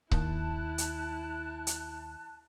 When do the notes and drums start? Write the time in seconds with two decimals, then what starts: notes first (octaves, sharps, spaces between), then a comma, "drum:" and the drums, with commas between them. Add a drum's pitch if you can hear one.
0.11 D#2 E4 A5 F#6, drum: kick C#1
0.78 drum: hi-hat
1.67 drum: hi-hat